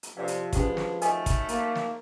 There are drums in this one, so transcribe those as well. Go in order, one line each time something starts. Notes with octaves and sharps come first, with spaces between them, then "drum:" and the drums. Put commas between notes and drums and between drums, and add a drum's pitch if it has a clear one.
drum: hi-hat
C3 F3 A4 D5 F5
drum: hi-hat
D3 G#3 B3 C#4 G4, drum: kick, hi-hat
drum: snare
D#3 F#3 A3 A4 D#5 G#5, drum: hi-hat
drum: kick, hi-hat
A#3, drum: hi-hat
drum: snare